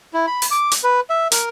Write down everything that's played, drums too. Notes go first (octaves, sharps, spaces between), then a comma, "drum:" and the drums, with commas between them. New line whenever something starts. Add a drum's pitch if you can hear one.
E4
B5
drum: open hi-hat
D6
drum: hi-hat
B4
E5
A#4, drum: hi-hat